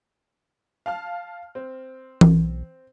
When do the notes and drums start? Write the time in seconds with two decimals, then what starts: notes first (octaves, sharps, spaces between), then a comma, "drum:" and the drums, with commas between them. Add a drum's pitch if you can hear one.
0.86 F5 A5 F6
1.55 C4
2.21 B1, drum: tom E3